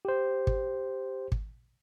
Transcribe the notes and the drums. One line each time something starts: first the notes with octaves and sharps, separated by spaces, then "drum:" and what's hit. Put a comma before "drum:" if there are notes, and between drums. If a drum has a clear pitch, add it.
G4 C5
drum: kick
drum: kick